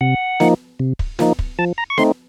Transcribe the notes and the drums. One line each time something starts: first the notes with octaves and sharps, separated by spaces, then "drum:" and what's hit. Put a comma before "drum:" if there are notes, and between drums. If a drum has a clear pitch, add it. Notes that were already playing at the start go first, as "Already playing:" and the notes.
C3 F#5
F3 A#3 D#4, drum: snare
C3
drum: kick
F3 A#3 D#4, drum: snare
drum: kick
F3 A5
A#5
C#6
A3 C4 D#4 C6, drum: snare